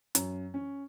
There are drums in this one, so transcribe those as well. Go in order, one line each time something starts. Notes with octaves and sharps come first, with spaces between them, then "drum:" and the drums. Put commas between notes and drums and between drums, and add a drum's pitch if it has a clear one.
F#2, drum: hi-hat
C#4